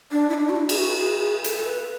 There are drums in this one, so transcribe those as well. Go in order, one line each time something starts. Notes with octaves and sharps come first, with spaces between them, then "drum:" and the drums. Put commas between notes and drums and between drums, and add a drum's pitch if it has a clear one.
D4
E4
D4
F#4
E4
G#4, drum: cymbal
F#4
G#4
G#4
A4, drum: hi-hat
A4
B4